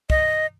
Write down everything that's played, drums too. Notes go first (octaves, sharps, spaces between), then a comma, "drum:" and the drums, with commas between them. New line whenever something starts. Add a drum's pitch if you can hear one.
D#5, drum: kick